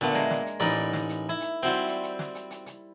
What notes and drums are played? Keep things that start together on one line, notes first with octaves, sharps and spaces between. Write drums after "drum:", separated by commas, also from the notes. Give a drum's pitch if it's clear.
A#2 D3 A3 B3
G#3 A#3, drum: hi-hat
drum: snare
drum: hi-hat
A1 D#4 A#4 D5 B5, drum: hi-hat
drum: snare
drum: hi-hat
E4
drum: hi-hat
G3 C4 E4 F#4 C5 C#6
drum: hi-hat
drum: hi-hat
drum: hi-hat
drum: snare
drum: hi-hat
drum: hi-hat
drum: hi-hat